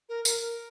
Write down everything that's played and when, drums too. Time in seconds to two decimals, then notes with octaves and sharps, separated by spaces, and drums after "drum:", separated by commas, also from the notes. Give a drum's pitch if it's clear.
0.09 A#4
0.25 A#4, drum: tambourine
0.41 A#4